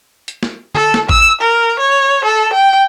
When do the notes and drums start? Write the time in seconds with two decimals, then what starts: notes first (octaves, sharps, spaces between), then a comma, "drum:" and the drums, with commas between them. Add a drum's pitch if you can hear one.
0.28 drum: hi-hat
0.43 drum: snare
0.75 A4, drum: tom D3
0.94 drum: snare
1.09 E6, drum: kick A1
1.41 A#4
1.79 C#5
2.24 A4
2.53 G5